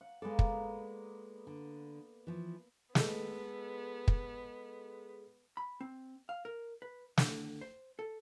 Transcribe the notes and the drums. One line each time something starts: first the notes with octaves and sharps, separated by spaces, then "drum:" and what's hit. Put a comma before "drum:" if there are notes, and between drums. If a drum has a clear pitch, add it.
F#5
G#3 A#3 B3 A4 D5
drum: kick
D3
E3 F3
G#3 B3 A4, drum: snare
drum: kick
B5
C4
F5
A#4
B4
D3, drum: snare
C5
A4